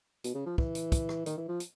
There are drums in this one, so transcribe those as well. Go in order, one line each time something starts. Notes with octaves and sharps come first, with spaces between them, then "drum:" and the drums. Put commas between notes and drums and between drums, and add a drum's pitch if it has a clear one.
B2, drum: hi-hat
C#3
F3
E3, drum: kick
drum: hi-hat
drum: kick, hi-hat
drum: rim click
D#3, drum: hi-hat
E3
F3
drum: hi-hat